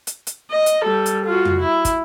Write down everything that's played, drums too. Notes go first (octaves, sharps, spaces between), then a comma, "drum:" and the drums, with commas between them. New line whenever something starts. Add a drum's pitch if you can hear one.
drum: hi-hat
drum: hi-hat
D#5
drum: hi-hat
G3 A4
drum: hi-hat
F4 F#4
drum: tom F2
E4
drum: kick, hi-hat